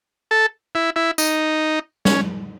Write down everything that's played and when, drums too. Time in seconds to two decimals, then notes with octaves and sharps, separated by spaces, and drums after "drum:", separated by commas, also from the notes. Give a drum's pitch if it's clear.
0.31 A4
0.75 E4
0.96 E4
1.18 D#4, drum: tambourine
2.05 C#4, drum: snare